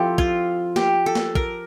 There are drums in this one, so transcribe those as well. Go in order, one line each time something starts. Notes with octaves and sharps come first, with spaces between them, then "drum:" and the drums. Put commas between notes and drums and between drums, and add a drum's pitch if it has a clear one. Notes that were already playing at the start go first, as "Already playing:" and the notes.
Already playing: F3 C4 E4 G4 A4
F4, drum: kick
G4, drum: snare
A4
drum: snare
A#4, drum: kick